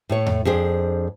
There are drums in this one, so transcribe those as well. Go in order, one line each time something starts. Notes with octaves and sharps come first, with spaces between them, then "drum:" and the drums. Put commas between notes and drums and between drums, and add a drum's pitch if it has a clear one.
A2 A3 C#5
drum: tom E2
F2 D4 G#4 C5